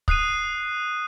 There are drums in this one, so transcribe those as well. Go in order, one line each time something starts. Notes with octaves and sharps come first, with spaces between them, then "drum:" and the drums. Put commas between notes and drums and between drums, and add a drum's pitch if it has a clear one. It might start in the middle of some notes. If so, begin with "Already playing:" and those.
D#6 F#6 C7 D#7, drum: kick